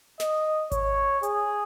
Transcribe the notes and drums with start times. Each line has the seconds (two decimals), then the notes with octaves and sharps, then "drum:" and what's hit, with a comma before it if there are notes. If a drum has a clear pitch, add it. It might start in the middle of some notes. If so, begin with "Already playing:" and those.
0.20 D#5, drum: snare
0.72 C#5, drum: kick G#1, hi-hat
1.23 G#4, drum: hi-hat